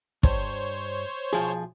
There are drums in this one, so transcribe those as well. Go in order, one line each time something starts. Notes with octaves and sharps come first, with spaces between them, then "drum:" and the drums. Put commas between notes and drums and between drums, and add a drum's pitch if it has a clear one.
G2 C5 C#5, drum: kick
B1 F3 G#4